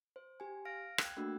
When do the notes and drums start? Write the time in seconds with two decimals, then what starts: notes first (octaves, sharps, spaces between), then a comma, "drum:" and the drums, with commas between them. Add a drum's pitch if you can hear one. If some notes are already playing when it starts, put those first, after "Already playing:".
0.16 C5
0.40 G4 G#5
0.65 F5 F6 A#6 D7
0.98 G5 F#6 G#6, drum: rim click
1.17 A3 A#3 D4 F#4 E6